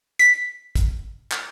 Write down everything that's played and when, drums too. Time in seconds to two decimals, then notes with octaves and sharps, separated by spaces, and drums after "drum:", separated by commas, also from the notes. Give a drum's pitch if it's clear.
0.19 B6, drum: hi-hat
0.76 drum: kick, hi-hat
1.32 drum: clap